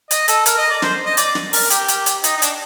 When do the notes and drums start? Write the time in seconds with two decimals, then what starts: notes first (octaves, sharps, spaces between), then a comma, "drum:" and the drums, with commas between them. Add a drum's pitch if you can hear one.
0.11 D#5, drum: hi-hat
0.28 A4, drum: hi-hat
0.46 A#4, drum: hi-hat
0.58 D#5
0.70 D5
0.82 C5, drum: snare
1.05 D#5
1.17 D5, drum: hi-hat
1.35 drum: snare
1.53 A#4, drum: open hi-hat
1.70 G4, drum: hi-hat
1.88 drum: hi-hat
2.06 drum: hi-hat
2.24 D#4, drum: hi-hat
2.37 D#4
2.42 D4, drum: hi-hat